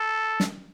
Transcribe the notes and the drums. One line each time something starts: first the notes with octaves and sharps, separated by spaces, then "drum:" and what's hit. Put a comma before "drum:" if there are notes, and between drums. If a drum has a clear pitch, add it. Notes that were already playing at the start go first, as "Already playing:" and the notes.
Already playing: A4
drum: snare